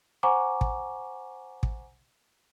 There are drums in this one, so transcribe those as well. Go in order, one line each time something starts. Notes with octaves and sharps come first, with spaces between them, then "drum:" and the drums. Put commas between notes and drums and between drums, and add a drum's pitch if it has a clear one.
C5 F#5 G#5 A#5 C#6 D6
drum: kick
drum: kick